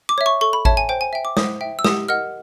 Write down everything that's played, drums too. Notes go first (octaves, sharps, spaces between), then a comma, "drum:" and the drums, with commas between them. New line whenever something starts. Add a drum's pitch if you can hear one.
D6
C#5 E5
C#6
A4 C#6
B5
C#5 E5 A5, drum: kick G#1
G#5
C5 G5
G#5
E5 G5
D6
C5 D#6, drum: snare
E5 G5
E6
G4 D#6, drum: snare
A#4 D#5 F#5 F6